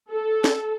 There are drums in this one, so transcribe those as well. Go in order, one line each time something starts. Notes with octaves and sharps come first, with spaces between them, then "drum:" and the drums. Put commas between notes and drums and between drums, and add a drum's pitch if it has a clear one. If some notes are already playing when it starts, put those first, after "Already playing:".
A4
drum: snare